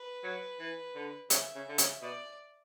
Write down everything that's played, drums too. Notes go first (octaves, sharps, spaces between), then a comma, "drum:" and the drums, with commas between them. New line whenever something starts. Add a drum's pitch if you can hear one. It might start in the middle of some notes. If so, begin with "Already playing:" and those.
Already playing: B4
F#3
E3
D3
C#3 E5, drum: hi-hat
C#3
D3
C#3, drum: hi-hat
B2 D5